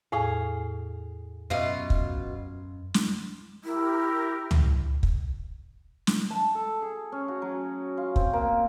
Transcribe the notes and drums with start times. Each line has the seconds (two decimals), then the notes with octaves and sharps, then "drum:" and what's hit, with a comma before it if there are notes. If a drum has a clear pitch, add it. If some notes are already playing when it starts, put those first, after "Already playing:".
0.12 E2 A2 G#4 F5
1.50 F#2 B2 F4 D#5 E5
1.90 drum: kick
2.94 drum: snare
3.64 E4 G4 A#4
4.51 drum: tom C#2
5.03 drum: kick
6.07 drum: snare
6.30 A5
6.55 A4
6.82 G#4
7.12 C#4
7.28 F#4
7.42 F#3
7.97 F4
8.16 C4, drum: kick
8.33 A#3